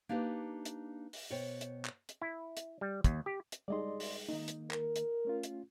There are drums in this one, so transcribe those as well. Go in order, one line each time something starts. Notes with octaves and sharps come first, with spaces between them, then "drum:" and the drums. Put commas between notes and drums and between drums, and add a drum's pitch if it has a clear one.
A#3 D4 D#4 G4 B4
drum: hi-hat
drum: open hi-hat
B2 C5 C#5 G5
drum: hi-hat
drum: clap
drum: hi-hat
E4
drum: hi-hat
G3
D#2, drum: kick, hi-hat
G4
drum: hi-hat
G3 G#3 D#4 D5 D#5 C6
drum: open hi-hat
D#3 A#3 D#4
drum: hi-hat
A#4, drum: clap
drum: hi-hat
A3 C#4 F4
drum: hi-hat